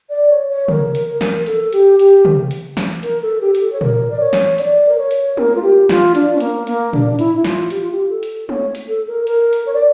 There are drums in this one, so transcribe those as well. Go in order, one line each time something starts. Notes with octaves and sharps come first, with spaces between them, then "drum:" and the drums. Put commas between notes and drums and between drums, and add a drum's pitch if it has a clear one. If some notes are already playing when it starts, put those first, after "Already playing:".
D5
C#5
C#5
A#4, drum: tom
drum: hi-hat
A#4
drum: snare
A4, drum: hi-hat
G4, drum: hi-hat
G4, drum: hi-hat
drum: tom
drum: hi-hat
drum: snare
A#4, drum: hi-hat
A4
G4
G4, drum: hi-hat
A4
C#5
A#4, drum: tom
D5
C#5
drum: snare
D5, drum: hi-hat
A#4
C#5
drum: hi-hat
A#4, drum: tom
F4
G4
F4, drum: snare
D4, drum: hi-hat
C#4
A#3, drum: hi-hat
A#3, drum: hi-hat
D4, drum: tom
D4
E4, drum: hi-hat
E4
F4, drum: snare
G4, drum: hi-hat
F4
G4
A4
drum: hi-hat
C#5, drum: tom
drum: hi-hat
A4
A#4
A#4, drum: hi-hat
drum: hi-hat
C#5
D5